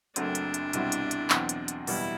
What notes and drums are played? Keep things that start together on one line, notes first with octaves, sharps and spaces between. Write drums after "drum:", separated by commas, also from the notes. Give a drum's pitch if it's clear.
F#1 F#2 F#3 A3 C4 D4, drum: hi-hat
drum: hi-hat
drum: hi-hat
C2 B2 G3 C4 E4, drum: hi-hat
drum: hi-hat
drum: hi-hat
E2 B2 F#3 C4, drum: clap
drum: hi-hat
drum: hi-hat
F#1 E2 B2 G3 E4, drum: open hi-hat